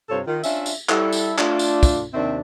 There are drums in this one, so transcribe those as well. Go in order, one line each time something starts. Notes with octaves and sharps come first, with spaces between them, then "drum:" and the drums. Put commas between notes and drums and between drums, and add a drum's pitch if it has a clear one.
G2 C3 F4 A4 C5 C#5
D#3 F4
C#4 D4 F4 E5, drum: tambourine
drum: tambourine
G3 E4 A4, drum: clap
drum: tambourine
A3 D4 F4, drum: clap
drum: tambourine
drum: kick, tambourine
D#2 C3 D#3 C4 D4 E5